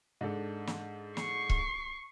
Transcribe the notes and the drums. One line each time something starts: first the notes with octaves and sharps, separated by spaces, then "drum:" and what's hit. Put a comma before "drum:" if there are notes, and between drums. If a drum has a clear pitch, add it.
G#2 D4 A4
drum: snare
C#6 C7, drum: snare
drum: kick C#1